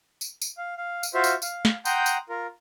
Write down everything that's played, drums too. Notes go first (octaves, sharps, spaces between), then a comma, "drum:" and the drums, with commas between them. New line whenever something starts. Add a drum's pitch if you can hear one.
drum: tambourine
drum: tambourine
F5
F5
drum: tambourine
F4 F#4 C5 E5 F5
drum: tambourine
F5, drum: tambourine
drum: snare
F#5 G5 A#5 C6 D#6 G6, drum: tambourine
drum: tambourine
F4 A#4